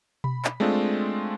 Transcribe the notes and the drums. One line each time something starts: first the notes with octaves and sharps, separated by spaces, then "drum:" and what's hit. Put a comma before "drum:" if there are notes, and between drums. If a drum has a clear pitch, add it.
B5, drum: tom B2
drum: clap
G#3 A3 C4 D4 F4